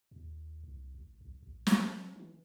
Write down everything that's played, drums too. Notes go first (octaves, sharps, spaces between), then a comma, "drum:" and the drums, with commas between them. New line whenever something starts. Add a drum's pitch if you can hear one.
D#2
C2
A1
B1
A#1
F#3, drum: snare
E3